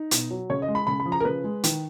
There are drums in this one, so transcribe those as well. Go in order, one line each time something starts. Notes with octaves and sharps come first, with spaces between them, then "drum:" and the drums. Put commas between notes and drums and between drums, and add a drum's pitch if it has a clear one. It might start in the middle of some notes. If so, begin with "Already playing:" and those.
Already playing: D#4
B2, drum: hi-hat
F#3
C#3 C#5
D#5
G#3
B5
C#3 B5
B5
F3
A#5
A#4
C#3 B4
G#3
D#3, drum: hi-hat